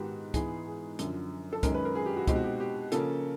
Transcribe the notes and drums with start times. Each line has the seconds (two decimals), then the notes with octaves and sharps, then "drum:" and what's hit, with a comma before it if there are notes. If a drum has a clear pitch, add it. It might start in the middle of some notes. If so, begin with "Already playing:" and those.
Already playing: G#2 D#3 G#3 B3 F#4 G4
0.34 G#2 E3 G#3 B3 G#4, drum: kick, hi-hat
0.67 G#4
0.99 F#2 D3 F3, drum: hi-hat
1.53 A4
1.63 F#2 D#3 G#3 C#4 A#4, drum: kick, hi-hat
1.74 B4
1.85 A#4
1.95 G#4
2.06 G4
2.16 F#4
2.27 B2 G#3 C4 D#4 G4, drum: kick, hi-hat
2.36 F#4
2.44 G4
2.60 G4
2.92 C#3 F3 A#3 C#4 A4, drum: hi-hat